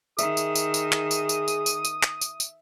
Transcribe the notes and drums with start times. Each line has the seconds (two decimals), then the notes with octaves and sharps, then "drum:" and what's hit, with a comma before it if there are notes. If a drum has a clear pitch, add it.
0.19 D#3 G#4 E5 D#6, drum: tambourine
0.37 drum: tambourine
0.55 drum: tambourine
0.74 drum: tambourine
0.92 drum: clap
1.11 drum: tambourine
1.29 drum: tambourine
1.48 drum: tambourine
1.66 drum: tambourine
1.85 drum: tambourine
2.03 drum: clap
2.21 drum: tambourine
2.40 drum: tambourine